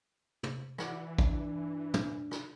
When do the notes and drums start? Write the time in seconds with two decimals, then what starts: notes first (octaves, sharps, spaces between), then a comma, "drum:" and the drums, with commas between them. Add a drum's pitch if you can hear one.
0.43 drum: tom
0.78 E3 F#4 D5, drum: rim click
1.18 G2 D4, drum: kick A1
1.94 drum: tom
2.31 drum: rim click